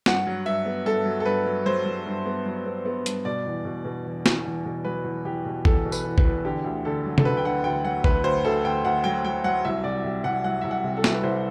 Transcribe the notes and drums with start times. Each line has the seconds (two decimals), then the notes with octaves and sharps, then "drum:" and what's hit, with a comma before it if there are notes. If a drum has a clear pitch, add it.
0.06 G2 F#5, drum: snare
0.27 F#3
0.46 G2 E5
0.65 B3
0.85 G2 A4
1.05 F#3
1.20 A4
1.26 G2 B4
1.46 F#3
1.66 F#3 C5
1.86 F#3
2.06 G2
2.26 B3
2.46 F#3
2.65 B3
2.85 B3
3.06 G2, drum: hi-hat
3.25 B2 D5
3.46 E2
3.65 B2
3.85 B2
4.05 E2
4.26 E2, drum: snare
4.46 E2
4.65 B2
4.85 F#3 B4
5.05 E2
5.25 E2 G4
5.45 B2
5.65 E2 A4, drum: kick A1
5.86 B2
5.92 B4, drum: tambourine
6.05 E2
6.18 B4, drum: kick A1
6.25 E2
6.44 D3 G4
6.64 D2
6.85 D3 A4
7.05 F#3
7.18 A4, drum: tom C3
7.24 D2 B4
7.37 G5
7.45 D3 F#5
7.64 D2 G5
7.84 F#3 F#5
8.04 D2 B4, drum: kick A1
8.24 D2 C5
8.45 D2 A4
8.64 D2 G5
8.85 D2 F#5
9.04 F#3 G5
9.25 F#3 G5
9.44 F#3 F#5
9.65 C2 E5
9.84 C3 D5
10.04 C3
10.24 C2 F#5
10.44 F#3 F#5
10.61 C2 E5
10.71 F#5
10.84 C3
10.97 A4
11.04 C2, drum: snare
11.14 B4
11.23 C2 C5